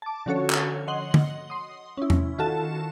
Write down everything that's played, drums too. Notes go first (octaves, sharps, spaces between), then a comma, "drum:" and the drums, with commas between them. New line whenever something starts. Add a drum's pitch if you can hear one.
A5 D6
D3 F3 C#4 F#4 A4 C#5
drum: clap
D#5 F#5 C6 F#7 G7
drum: tom D3
C6 D#6
C#4 E4
drum: tom E2
D#3 F4 F#4 A4 A5 E7